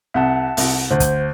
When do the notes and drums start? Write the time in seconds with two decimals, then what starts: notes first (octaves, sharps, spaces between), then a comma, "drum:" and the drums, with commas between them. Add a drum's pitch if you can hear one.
0.14 C2 E5 F#5 A5
0.57 C2, drum: open hi-hat
0.91 D2 C5
1.00 drum: kick, hi-hat